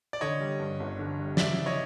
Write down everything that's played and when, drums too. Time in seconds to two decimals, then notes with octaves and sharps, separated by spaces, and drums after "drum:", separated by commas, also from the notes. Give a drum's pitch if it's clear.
0.13 D5
0.21 D3 C#5 D#5
0.40 G3
0.60 G2
0.80 G1
0.99 D3
1.18 G3
1.37 C#3 D5 E5, drum: snare
1.57 E3
1.66 C#5 D#5